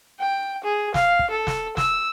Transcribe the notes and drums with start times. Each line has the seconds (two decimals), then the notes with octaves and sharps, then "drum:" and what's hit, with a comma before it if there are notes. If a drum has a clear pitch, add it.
0.19 G5
0.64 G#4
0.94 F5, drum: snare
1.19 drum: kick
1.30 A4
1.47 drum: snare
1.77 E6, drum: snare